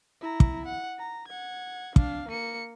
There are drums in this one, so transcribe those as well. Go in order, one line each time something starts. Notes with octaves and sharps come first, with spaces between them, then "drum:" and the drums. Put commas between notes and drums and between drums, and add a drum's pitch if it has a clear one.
E4 A#5
drum: kick
F#5
A#5
F#5 G#6
D4 F5, drum: kick
A#3 C#7